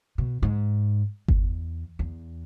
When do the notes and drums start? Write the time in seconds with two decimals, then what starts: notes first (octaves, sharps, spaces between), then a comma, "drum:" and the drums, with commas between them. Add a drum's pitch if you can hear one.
0.18 B2
0.43 G#2
1.28 E2, drum: kick G1
1.99 E2